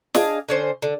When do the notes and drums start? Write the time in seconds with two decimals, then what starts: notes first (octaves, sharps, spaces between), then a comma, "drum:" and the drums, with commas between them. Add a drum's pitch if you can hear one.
0.15 D4 G#4 D#5 F5, drum: snare
0.49 D3 C#4 C5
0.82 D3